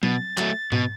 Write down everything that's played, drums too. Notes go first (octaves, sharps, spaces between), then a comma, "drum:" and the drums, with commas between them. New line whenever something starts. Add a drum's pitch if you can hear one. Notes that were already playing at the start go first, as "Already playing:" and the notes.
B2 A6, drum: tom F#3
F#3 A3, drum: clap
B2, drum: tom G#2